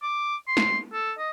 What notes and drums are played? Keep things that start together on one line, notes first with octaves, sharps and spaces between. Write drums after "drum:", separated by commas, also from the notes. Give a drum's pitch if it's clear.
D6
C6
drum: snare
A4
D#5